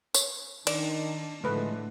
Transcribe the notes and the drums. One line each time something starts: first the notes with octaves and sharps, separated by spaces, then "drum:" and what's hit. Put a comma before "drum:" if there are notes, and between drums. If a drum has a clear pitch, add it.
C#5, drum: tambourine
D#3 D4 D5, drum: cymbal
A2 D3 F3 G#3 A3 B4